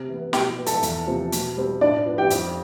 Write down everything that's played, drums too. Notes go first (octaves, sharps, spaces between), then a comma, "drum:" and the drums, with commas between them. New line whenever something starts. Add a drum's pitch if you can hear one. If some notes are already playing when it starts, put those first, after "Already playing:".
Already playing: C3
E3
B3
B2 G4 G5, drum: snare
B3
A4 A5, drum: hi-hat
E2, drum: hi-hat
C3 F3 C4
B2, drum: hi-hat
G3 C4
A2 D4 D5
F3 B3
G4 G5
F2, drum: hi-hat